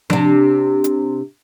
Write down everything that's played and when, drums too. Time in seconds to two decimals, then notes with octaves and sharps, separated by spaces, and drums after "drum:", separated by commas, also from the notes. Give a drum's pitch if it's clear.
0.10 C3 D4, drum: tom F3
0.84 drum: hi-hat